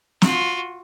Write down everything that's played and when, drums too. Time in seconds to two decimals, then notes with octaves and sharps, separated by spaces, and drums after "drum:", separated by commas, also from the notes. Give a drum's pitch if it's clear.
0.22 F4 F#4, drum: snare